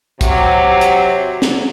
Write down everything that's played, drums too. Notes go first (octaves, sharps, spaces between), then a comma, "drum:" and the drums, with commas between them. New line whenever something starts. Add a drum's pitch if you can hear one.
C3 F#3, drum: kick, hi-hat
drum: hi-hat
drum: snare